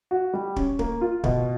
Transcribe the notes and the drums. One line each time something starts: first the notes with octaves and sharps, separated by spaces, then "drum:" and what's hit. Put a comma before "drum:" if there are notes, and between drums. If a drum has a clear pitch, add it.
F#4
G3
C#4, drum: kick
A#3, drum: kick
F4
B2, drum: kick